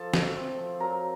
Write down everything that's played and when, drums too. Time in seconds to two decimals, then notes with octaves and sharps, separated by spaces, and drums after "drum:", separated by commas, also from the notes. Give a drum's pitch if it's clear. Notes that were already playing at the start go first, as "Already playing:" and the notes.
Already playing: F3 A4 A5
0.14 A3, drum: snare
0.36 C4
0.58 F3
0.80 F#3 A#4 A#5